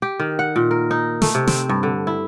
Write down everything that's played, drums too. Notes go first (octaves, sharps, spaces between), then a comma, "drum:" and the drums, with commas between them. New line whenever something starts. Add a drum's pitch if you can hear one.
G4
D#3
F#5
A#2
A#4
D#4
A3, drum: snare
C3
C4, drum: snare
G2
D3
E4